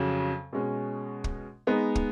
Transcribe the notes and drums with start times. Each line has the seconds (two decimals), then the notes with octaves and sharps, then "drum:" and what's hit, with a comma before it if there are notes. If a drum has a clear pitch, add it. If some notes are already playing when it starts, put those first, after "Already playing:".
Already playing: F2 C#3 F#3
0.53 B2 G#3 C#4
1.24 drum: kick
1.67 G#3 B3 D#4
1.95 drum: kick